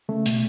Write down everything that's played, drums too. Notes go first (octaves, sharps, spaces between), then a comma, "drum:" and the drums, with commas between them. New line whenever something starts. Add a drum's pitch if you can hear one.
C#3 A3
B2, drum: hi-hat